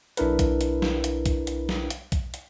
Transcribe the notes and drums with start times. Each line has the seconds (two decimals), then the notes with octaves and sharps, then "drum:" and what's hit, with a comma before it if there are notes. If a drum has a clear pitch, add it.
0.17 B1 D4 E4 A#4 B4, drum: hi-hat
0.39 drum: kick B1, hi-hat
0.61 drum: hi-hat
0.82 drum: snare
1.04 drum: hi-hat
1.26 drum: kick B1, hi-hat
1.47 drum: hi-hat
1.69 drum: snare
1.90 drum: hi-hat
2.12 drum: kick B1, hi-hat
2.34 drum: hi-hat